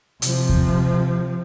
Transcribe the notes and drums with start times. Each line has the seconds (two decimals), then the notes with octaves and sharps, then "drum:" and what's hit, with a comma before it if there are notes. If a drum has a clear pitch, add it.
0.22 C3 F3, drum: hi-hat
0.49 drum: kick D#2